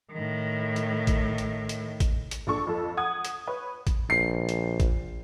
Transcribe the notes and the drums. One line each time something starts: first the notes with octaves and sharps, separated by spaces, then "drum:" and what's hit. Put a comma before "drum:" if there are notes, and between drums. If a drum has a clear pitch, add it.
A2 D#3
drum: hi-hat
drum: kick A1, hi-hat
drum: hi-hat
drum: hi-hat
drum: kick A1, hi-hat
drum: hi-hat
A#1 D4 A4 C#6
F2 A4
F#5 D#6 G#6
drum: hi-hat
B4 C#5
drum: kick A1, hi-hat
A#1 C7
drum: hi-hat
drum: kick A1, hi-hat